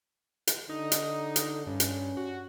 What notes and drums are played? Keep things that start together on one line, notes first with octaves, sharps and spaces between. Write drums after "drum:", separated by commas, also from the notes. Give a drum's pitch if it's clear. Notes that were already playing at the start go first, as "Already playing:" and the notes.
drum: hi-hat
D3 D#4
drum: hi-hat
drum: hi-hat
G2 C#4
drum: hi-hat
F#4